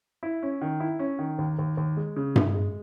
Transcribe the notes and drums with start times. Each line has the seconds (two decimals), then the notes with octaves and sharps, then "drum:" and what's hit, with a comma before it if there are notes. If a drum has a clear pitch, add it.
0.23 E4
0.43 C#4
0.62 D#3
0.80 E4
0.99 C#4
1.19 D#3
1.39 D#2
1.59 D#2
1.77 D#2
1.97 G#3
2.16 C#3
2.36 G#3, drum: tom G2
2.54 G#3